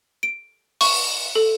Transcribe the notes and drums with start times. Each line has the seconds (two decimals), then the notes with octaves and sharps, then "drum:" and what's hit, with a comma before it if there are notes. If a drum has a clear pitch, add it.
0.23 D7
0.81 C#6, drum: open hi-hat
1.35 A4